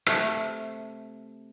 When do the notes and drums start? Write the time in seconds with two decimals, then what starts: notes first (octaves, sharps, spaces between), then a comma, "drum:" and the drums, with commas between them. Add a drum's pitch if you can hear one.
0.06 C3 A3, drum: rim click